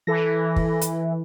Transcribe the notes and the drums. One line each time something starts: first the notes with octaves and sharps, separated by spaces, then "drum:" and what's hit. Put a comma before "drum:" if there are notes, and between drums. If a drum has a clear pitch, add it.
E3 A4 A#6
drum: kick
drum: hi-hat